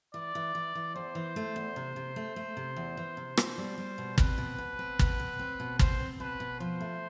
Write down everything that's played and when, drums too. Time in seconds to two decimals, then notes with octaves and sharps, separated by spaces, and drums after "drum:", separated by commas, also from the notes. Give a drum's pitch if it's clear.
0.14 E3 D5
0.35 E3
0.55 E3
0.75 E3
0.96 E2 C5
1.15 E3
1.36 A3
1.56 E2
1.76 C3
1.96 C3
2.16 A3
2.36 A3
2.57 C3
2.76 E2
2.97 E3
3.17 C3
3.37 B2, drum: rim click
3.58 G3
3.78 G3
3.98 B2
4.18 C4 B4, drum: kick
4.38 B2
4.58 B2
4.79 C4
4.99 B2, drum: kick
5.20 C4
5.39 C4
5.60 B2
5.79 C4 C5, drum: kick
6.00 C4
6.20 B2 B4
6.40 B2
6.60 F3 C5
6.81 A3